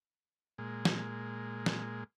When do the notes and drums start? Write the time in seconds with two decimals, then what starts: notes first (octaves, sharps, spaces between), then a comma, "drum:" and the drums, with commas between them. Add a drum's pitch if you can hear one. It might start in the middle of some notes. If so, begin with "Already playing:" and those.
0.58 A#2 G#3
0.85 drum: snare
1.66 drum: snare